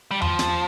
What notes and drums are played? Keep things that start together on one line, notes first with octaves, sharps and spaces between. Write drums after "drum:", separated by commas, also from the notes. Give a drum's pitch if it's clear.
G3
F3, drum: tom E2
drum: snare